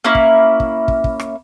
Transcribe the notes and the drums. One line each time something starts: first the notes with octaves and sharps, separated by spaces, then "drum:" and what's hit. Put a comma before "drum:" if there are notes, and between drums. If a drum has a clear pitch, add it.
A#3 C#4 E4
drum: kick
drum: kick
drum: kick
drum: kick
drum: rim click